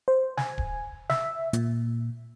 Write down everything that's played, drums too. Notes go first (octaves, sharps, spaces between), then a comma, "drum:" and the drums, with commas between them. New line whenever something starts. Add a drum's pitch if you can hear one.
C5
G#5, drum: snare
drum: kick D1
E5, drum: snare
A#2, drum: hi-hat